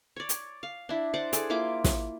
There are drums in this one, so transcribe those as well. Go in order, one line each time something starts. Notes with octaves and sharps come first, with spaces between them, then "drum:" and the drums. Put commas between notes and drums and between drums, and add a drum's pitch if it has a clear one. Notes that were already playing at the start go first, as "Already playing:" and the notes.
C#5 D5
drum: hi-hat
F5
D4 E4
C5 D5 F#5 D6
G#4 A4 D5, drum: hi-hat
A#3 E4 F4 D6
drum: snare